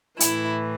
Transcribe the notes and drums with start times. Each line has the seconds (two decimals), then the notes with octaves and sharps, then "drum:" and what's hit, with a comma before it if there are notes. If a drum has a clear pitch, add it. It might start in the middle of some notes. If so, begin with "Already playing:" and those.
0.20 A2 E3 E4, drum: hi-hat